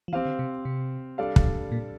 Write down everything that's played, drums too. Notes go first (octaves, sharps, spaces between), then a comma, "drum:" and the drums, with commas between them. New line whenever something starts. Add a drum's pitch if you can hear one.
F3
E3 C4 G4 C5 F5
D3
C3
C3
G3 D4 A4 D5 F5
drum: kick
A#2